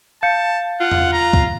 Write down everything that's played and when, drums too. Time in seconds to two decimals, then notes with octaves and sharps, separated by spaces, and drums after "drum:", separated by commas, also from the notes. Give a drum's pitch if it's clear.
0.23 F5 A5 G6 C#7
0.81 F4 F#5
0.91 drum: tom E2
1.13 A#5
1.33 drum: kick C#2